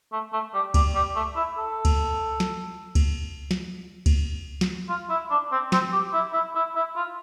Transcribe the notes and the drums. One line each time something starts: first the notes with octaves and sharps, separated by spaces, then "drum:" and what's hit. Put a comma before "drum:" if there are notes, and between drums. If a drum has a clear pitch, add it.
A3
A3
G3
G3, drum: kick C#2, cymbal
G3
A3
E4
A4
drum: kick C#2, cymbal
drum: snare
drum: kick C#2, cymbal
drum: snare
drum: kick C#2, cymbal
drum: snare
F4
E4
D4
C4
C4, drum: snare
G4
E4
E4
E4
E4
F4